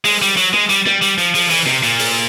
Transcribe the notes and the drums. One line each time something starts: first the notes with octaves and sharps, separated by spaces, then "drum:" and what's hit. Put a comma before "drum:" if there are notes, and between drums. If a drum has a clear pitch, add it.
G#3, drum: open hi-hat
G3, drum: hi-hat
F#3, drum: hi-hat
G#3, drum: snare
G3, drum: hi-hat
G3, drum: snare
G3, drum: hi-hat
F3, drum: hi-hat
F3, drum: open hi-hat
E3, drum: open hi-hat
C3, drum: snare
A#2, drum: hi-hat
drum: open hi-hat